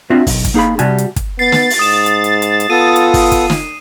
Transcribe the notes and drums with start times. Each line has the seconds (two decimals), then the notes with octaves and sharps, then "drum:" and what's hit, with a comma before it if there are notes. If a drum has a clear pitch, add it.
0.10 C4 D4 F4 F#4 E5
0.27 B1, drum: kick, open hi-hat
0.45 drum: kick, hi-hat
0.54 A#3 D#4 G#4 F5 B5
0.79 C3 G3 F#4 G#5 A5, drum: hi-hat
0.98 drum: hi-hat
1.16 drum: kick, hi-hat
1.39 B3 A6 C7
1.52 drum: snare
1.70 drum: open hi-hat
1.79 G#2 D#6 E7
2.06 drum: hi-hat
2.24 drum: hi-hat
2.42 drum: hi-hat
2.60 drum: hi-hat
2.70 B3 F4 A4 D#6 D#7
2.96 drum: hi-hat
3.14 drum: kick, open hi-hat
3.32 drum: kick, hi-hat
3.50 drum: snare